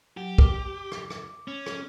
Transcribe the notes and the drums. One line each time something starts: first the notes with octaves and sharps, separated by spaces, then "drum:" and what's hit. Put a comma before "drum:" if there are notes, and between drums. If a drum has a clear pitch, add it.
F#3 G4
D6, drum: kick
drum: rim click
drum: rim click
C#4
drum: rim click